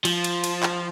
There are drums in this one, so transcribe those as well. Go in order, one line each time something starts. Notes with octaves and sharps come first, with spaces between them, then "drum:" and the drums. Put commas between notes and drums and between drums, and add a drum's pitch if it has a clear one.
F3, drum: cymbal
drum: cymbal
drum: cymbal
drum: clap